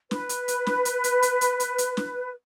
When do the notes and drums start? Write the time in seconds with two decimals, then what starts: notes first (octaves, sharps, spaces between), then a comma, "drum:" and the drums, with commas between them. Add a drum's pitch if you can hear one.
0.11 B4, drum: snare
0.29 drum: hi-hat
0.48 drum: hi-hat
0.67 drum: snare
0.85 drum: hi-hat
1.04 drum: hi-hat
1.22 drum: hi-hat
1.41 drum: hi-hat
1.60 drum: hi-hat
1.78 drum: hi-hat
1.97 drum: snare